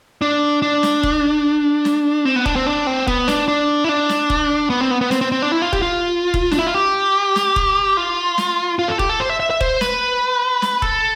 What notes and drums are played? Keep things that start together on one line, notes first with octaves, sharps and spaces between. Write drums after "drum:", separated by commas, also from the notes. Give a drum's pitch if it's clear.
D4
D4
drum: snare
drum: kick
drum: snare
C4
B3
D4, drum: kick
C4
D4
C4
B3, drum: kick
D4, drum: snare
D4
E4
D4
drum: snare
drum: kick
B3
C4
B3
B3
C4, drum: snare
C4
C4
D4
E4
F4
G4, drum: kick
F4
drum: kick
D4, drum: snare
E4
F4
G4
drum: snare
drum: kick
F4
drum: snare
F4
A4
G4, drum: kick
A4
C5
E5
E5
E5
C5, drum: kick
B4, drum: snare
drum: snare
A4, drum: kick